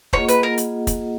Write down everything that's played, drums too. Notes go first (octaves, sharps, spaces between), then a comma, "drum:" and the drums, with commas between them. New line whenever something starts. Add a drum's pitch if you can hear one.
A#3 F4 G#4 C#5 D#5 F#5, drum: kick
B4, drum: hi-hat
A#4
drum: hi-hat
drum: kick, hi-hat